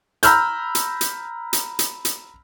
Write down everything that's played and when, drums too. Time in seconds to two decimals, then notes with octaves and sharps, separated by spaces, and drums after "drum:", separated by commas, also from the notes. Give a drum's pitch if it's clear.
0.23 A#5 B5 E6 F6 G6, drum: hi-hat
0.75 drum: hi-hat
1.01 drum: hi-hat
1.53 drum: hi-hat
1.79 drum: hi-hat
2.05 drum: hi-hat